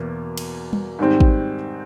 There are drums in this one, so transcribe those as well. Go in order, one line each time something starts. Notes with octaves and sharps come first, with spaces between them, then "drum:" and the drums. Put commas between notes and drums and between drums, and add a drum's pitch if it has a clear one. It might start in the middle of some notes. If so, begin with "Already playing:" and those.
Already playing: E2 B2 A#3
drum: cymbal
drum: tom G3
G#2 D#3 G3 C4
drum: kick